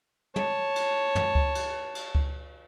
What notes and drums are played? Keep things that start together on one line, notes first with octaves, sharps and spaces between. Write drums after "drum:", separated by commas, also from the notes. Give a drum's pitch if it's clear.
C#5 A5, drum: tom
drum: cymbal
drum: tom
drum: kick C#2
drum: cymbal
drum: cymbal
drum: kick C#2